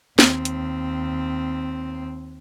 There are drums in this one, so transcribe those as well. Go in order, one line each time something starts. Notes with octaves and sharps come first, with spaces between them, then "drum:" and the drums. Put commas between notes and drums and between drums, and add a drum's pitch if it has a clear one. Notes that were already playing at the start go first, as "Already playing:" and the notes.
D#2 C4, drum: snare
drum: hi-hat